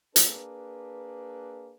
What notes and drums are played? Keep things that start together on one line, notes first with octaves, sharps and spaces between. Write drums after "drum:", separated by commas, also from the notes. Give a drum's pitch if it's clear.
A#3 D4 G#4 B4, drum: hi-hat